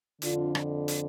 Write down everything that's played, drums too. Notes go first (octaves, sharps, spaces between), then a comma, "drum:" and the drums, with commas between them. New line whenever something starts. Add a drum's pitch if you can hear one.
F2 D3 D4 F4, drum: hi-hat
drum: rim click
drum: hi-hat